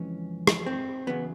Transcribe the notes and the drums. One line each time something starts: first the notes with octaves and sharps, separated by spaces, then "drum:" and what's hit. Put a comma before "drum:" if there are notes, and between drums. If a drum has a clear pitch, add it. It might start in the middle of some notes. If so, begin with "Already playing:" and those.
Already playing: F2 C#3 E3 G#3 C#4
drum: rim click
C4
E2 C#3 F#3 B3